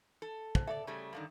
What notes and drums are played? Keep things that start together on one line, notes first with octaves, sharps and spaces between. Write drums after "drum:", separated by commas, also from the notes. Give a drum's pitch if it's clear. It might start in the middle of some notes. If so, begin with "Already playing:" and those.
A4
C5, drum: kick
A4 C#5 D5 E5
C#3 G3 A3
G2 D3 D#3